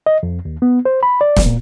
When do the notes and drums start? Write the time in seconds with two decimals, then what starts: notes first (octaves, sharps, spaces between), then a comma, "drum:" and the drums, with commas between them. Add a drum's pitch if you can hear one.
0.06 D#5
0.23 F2
0.45 D#2
0.62 B3
0.85 C5
1.03 B5
1.21 D5
1.36 drum: snare
1.46 A#2